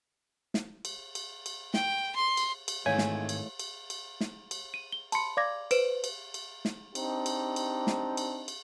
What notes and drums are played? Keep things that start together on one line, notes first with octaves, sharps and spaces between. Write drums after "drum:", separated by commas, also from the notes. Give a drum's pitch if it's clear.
drum: snare
drum: cymbal
drum: cymbal
drum: cymbal
G5, drum: snare
C6
drum: cymbal
drum: cymbal
G#2 D#3 E3 G#3 A3 C#5 F5 G#5
drum: snare
drum: cymbal
drum: cymbal
drum: cymbal
drum: snare
drum: cymbal
D#7
G7
A5 B5 C6 C#7, drum: cymbal
D5 F5 D6 G#6 A#6
B4 C5 D7 E7, drum: cymbal
drum: cymbal
drum: cymbal
drum: snare
C4 D4 D#4 G4, drum: cymbal
drum: cymbal
drum: cymbal
drum: snare
drum: cymbal
drum: cymbal